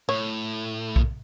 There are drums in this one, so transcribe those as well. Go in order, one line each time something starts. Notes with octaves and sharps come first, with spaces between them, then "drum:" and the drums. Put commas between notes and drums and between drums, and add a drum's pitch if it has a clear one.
A2 C#5
drum: kick B1